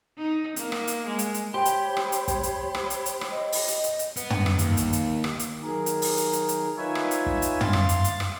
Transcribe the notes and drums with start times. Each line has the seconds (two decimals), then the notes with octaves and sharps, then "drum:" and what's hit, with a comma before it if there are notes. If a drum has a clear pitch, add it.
0.17 D#4
0.56 A#3, drum: hi-hat
0.72 drum: rim click
0.87 drum: hi-hat
1.06 G#3
1.19 drum: hi-hat
1.34 drum: hi-hat
1.54 G4 C5 C#5 G5 B5 C6
1.65 drum: hi-hat
1.97 drum: rim click
2.12 drum: hi-hat
2.28 drum: kick, hi-hat
2.43 drum: hi-hat
2.74 drum: rim click
2.90 drum: hi-hat
3.06 drum: hi-hat
3.21 drum: rim click
3.31 D#5
3.52 drum: open hi-hat
3.68 drum: hi-hat
3.84 drum: hi-hat
3.99 drum: hi-hat
4.16 B3, drum: hi-hat
4.30 drum: tom
4.46 drum: rim click
4.59 D#2, drum: hi-hat
4.77 drum: kick, hi-hat
4.93 drum: hi-hat
5.24 drum: rim click
5.39 drum: hi-hat
5.63 D#3 F#3 G#4 A#4
5.86 drum: hi-hat
6.02 drum: open hi-hat
6.17 drum: hi-hat
6.33 drum: hi-hat
6.49 drum: hi-hat
6.78 D#4 F4 B4 C#5 E5 G#5
6.95 drum: rim click
7.11 drum: hi-hat
7.26 drum: kick
7.42 drum: hi-hat
7.61 F5 C6 A6, drum: tom
7.73 drum: rim click
7.89 drum: hi-hat
8.04 drum: hi-hat
8.20 drum: rim click